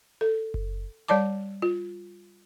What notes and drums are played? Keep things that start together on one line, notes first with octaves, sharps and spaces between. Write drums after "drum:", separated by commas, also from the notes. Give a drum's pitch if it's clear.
A4
drum: kick F#1
G3 C#5 D5 A5 D6
F4